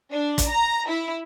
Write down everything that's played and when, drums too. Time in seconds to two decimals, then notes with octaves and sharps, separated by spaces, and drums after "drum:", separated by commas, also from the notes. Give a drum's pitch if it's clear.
0.12 D4
0.38 drum: kick, hi-hat
0.50 A#5
0.88 E4